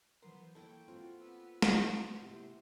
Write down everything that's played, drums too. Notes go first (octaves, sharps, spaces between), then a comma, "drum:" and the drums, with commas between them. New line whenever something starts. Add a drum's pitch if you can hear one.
E3 F#3 B3 A#4 C5 C6
A#3 E4 A4 G5 C#6
C4 F4 F#4
B3 E6
drum: snare
F#3 A#3 C5 F#5
C3 A#3 E4 G4